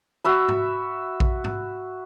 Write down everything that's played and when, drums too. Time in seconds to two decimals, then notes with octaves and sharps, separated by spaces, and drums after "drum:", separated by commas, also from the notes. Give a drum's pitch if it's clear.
0.24 F#4 E5 B5
0.48 drum: tom G#2
1.20 drum: kick A#1
1.44 drum: tom G#2